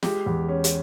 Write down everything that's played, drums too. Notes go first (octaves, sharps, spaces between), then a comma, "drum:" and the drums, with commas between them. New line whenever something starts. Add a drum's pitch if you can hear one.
G#3 G4, drum: snare
E2
C#4
drum: hi-hat